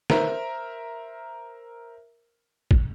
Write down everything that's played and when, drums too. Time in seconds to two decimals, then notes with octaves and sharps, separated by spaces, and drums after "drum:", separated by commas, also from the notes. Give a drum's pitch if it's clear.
0.10 A#4 C5 E5 A#5, drum: snare
2.71 drum: kick